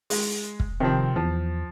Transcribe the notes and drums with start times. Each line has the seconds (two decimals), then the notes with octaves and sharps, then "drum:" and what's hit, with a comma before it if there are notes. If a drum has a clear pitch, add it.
0.10 G#3, drum: open hi-hat
0.60 drum: kick
0.80 C3 D#3 F3 C4
1.16 E2 F3